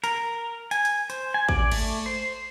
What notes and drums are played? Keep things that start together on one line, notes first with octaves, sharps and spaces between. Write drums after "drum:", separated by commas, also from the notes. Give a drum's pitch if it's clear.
A#4, drum: hi-hat
G#5, drum: hi-hat
drum: hi-hat
C5, drum: hi-hat
G#5
D5, drum: kick
A3, drum: cymbal
C5